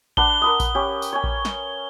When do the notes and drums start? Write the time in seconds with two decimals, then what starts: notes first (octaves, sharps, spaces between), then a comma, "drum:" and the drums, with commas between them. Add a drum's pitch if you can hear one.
0.17 D4 B4 F#5 G7, drum: kick A#1
0.42 A#4 B4 D#6
0.60 drum: kick A#1, tambourine
0.75 C#4 G4
1.02 drum: tambourine
1.13 C#5 G#5
1.24 drum: kick A#1
1.45 drum: snare